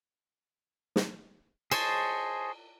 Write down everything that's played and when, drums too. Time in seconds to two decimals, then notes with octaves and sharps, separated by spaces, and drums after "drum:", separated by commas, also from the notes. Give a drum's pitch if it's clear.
0.96 drum: snare
1.72 G#4 C5 C#5 D#5 A5, drum: cymbal